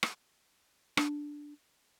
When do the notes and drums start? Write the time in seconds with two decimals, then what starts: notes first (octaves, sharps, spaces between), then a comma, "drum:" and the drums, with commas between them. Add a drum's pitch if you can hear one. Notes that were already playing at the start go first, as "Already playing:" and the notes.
0.03 drum: rim click
0.97 D4, drum: rim click